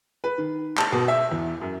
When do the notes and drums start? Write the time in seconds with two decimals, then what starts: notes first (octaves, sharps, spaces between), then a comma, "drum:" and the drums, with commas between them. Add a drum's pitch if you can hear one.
0.24 B4
0.38 D#3
0.77 A5, drum: clap
0.92 B2
1.08 E5
1.31 E2
1.62 F#2